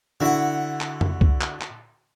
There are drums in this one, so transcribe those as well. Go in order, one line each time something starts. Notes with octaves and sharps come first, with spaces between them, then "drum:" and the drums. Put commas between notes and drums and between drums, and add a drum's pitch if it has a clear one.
D3 E4 F#4 F#5
drum: clap
drum: tom F2
drum: kick
drum: clap
drum: clap